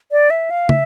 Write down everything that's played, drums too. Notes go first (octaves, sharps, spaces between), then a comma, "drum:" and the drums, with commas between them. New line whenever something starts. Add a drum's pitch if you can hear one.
D5
E5
F5
E5, drum: tom